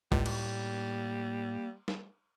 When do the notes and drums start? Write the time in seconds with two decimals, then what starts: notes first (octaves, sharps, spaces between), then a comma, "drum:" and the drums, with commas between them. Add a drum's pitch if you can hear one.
0.12 C#2 A2 G3 A#3, drum: kick G#1
0.26 drum: cymbal
1.88 drum: snare